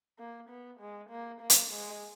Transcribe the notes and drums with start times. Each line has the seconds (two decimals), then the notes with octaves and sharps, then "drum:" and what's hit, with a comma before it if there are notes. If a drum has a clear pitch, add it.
0.19 A#3
0.49 B3
0.80 G#3
1.10 A#3
1.41 A#3
1.50 drum: hi-hat
1.71 G#3